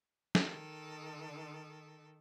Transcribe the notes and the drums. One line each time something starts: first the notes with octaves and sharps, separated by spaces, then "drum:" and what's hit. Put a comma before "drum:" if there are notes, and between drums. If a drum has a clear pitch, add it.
D#3 A4, drum: snare